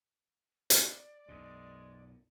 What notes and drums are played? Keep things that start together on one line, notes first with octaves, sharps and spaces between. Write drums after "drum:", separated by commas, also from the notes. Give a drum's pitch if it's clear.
D5, drum: hi-hat
B1 F#2 B2 G#3